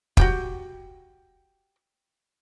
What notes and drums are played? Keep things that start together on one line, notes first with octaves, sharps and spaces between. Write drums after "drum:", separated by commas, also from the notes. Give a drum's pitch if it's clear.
F#4 G4 G5, drum: kick